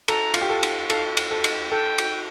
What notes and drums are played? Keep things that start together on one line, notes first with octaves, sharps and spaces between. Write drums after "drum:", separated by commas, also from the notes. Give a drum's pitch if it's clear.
A4 A#5, drum: cymbal
F4, drum: cymbal
G4
A4
drum: cymbal
A4 F5, drum: cymbal
drum: cymbal
A4
drum: cymbal
A4 G5
drum: cymbal